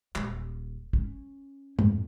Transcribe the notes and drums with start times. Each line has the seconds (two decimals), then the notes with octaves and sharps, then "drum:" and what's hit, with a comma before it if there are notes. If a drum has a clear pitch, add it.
0.15 D#1, drum: clap
0.93 C#4, drum: kick
1.79 F2 A2, drum: tom